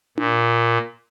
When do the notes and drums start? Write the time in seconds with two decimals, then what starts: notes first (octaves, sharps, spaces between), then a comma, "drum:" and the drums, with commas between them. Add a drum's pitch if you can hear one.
0.18 A#2, drum: tom D4